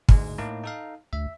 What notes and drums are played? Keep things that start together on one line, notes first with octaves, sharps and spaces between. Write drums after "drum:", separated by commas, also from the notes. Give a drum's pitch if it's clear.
D2 G#2 G#3, drum: kick
A2 A#3 D#4
D#4 A4 F5
D2 E5